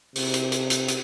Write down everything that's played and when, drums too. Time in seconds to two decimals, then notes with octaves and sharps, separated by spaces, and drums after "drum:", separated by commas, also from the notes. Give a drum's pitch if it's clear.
0.16 C3, drum: open hi-hat
0.34 drum: hi-hat
0.52 drum: hi-hat
0.70 drum: hi-hat
0.88 drum: hi-hat